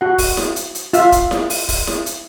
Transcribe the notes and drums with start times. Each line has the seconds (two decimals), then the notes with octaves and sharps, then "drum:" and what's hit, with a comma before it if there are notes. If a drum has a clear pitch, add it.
0.01 F#4 F#5
0.18 drum: kick D#1, open hi-hat
0.37 drum: snare E4
0.56 drum: hi-hat
0.75 drum: hi-hat
0.93 F4 E5, drum: hi-hat
1.12 drum: kick D#1, hi-hat
1.31 drum: snare E4
1.50 drum: open hi-hat
1.69 drum: kick D#1, open hi-hat
1.87 drum: snare E4
2.06 drum: hi-hat